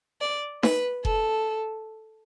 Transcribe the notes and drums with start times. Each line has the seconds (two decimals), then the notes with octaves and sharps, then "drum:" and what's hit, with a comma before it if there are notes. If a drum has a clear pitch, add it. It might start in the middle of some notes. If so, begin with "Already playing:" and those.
0.21 D5
0.63 B4, drum: snare D#4
1.05 A4, drum: kick F1